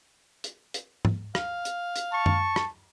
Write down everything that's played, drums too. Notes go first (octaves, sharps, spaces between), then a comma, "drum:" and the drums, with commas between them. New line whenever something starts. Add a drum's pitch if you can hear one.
drum: hi-hat
drum: hi-hat
drum: tom G#2
F5, drum: rim click
drum: hi-hat
drum: hi-hat
A5 C#6
drum: tom F#2
drum: rim click